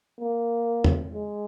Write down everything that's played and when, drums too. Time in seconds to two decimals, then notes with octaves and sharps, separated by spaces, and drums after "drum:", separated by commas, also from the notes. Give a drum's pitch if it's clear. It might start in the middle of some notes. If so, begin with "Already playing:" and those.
0.21 A#3
0.84 drum: tom
1.14 G#3